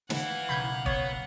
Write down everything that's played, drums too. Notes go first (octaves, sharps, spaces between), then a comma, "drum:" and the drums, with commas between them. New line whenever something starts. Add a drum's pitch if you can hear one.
E3 F5 F#5, drum: snare
F#1 B1 B5 G6 G#6
B3 C#5, drum: kick